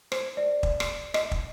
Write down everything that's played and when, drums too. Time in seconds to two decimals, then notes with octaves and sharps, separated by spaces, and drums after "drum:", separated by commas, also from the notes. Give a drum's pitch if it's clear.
0.12 C5, drum: rim click
0.37 D5
0.63 drum: kick
0.80 drum: rim click
1.14 D#5, drum: rim click
1.31 drum: kick